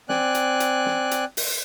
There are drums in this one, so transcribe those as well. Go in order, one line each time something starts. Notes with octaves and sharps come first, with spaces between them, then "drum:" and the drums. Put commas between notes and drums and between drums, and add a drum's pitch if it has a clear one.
C4 D5 G#5 F#6, drum: snare
drum: hi-hat
drum: hi-hat
drum: snare
drum: hi-hat
drum: open hi-hat